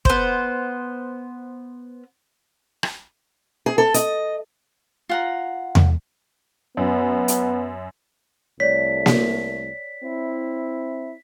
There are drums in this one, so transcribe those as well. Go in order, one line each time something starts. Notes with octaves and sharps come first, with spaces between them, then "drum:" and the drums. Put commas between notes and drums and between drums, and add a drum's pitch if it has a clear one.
B3 C5, drum: kick
drum: rim click
G#4
A4
D#5, drum: hi-hat
F4 F#5 A#5
drum: tom E2
F#2 B3
drum: hi-hat
C2 A3 C#5 D5 B6
drum: snare A#3
C4 E4